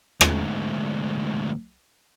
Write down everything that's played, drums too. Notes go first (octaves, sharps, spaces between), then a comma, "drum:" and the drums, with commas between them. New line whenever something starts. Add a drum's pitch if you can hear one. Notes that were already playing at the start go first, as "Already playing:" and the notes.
D2 G#2, drum: rim click